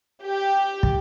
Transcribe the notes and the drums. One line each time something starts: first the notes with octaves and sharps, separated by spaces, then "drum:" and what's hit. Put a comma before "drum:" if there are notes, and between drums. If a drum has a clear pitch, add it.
G4
drum: kick